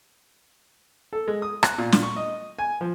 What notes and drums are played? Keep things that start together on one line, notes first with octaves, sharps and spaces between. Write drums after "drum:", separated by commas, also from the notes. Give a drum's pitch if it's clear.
A4
G#3
D#6
F#6, drum: rim click
A#2
drum: snare
C#6
D#5
G#5
F3